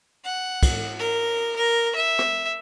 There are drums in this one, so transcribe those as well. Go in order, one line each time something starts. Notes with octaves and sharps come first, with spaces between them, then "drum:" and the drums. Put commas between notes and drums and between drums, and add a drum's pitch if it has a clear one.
F#5
drum: kick, cymbal
A#4
A#4
E5
drum: rim click